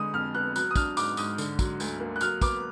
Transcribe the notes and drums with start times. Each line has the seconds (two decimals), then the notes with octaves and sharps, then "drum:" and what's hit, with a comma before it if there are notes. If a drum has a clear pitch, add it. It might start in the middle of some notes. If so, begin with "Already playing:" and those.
Already playing: D3 G#3 D#6
0.13 F2 F6
0.35 B3 F#6
0.56 F#3 F#6, drum: tambourine
0.71 D#6
0.76 D4 F6, drum: kick, tambourine
0.97 G#2 D6, drum: tambourine
1.17 G#2 D#6, drum: tambourine
1.38 D3, drum: tambourine
1.59 F#3, drum: kick, tambourine
1.80 D2, drum: tambourine
2.00 A#3
2.16 F#6
2.21 F#3 F6, drum: tambourine
2.42 B3 D6, drum: kick, tambourine